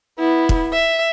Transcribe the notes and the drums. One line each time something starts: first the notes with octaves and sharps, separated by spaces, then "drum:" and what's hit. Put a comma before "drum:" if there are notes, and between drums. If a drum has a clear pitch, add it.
B3 E4
drum: kick
E5